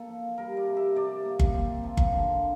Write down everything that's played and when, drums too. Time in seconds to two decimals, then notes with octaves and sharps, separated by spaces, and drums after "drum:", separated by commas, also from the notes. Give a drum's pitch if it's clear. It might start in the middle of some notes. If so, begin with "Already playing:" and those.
Already playing: A#3 A4
0.09 F3
0.38 G3 A#4
0.57 D5
0.67 C3
0.77 E5
0.95 C3 D5
1.25 A#3
1.39 drum: kick G1
1.54 C4
1.84 F3
1.97 drum: kick G1
2.12 D3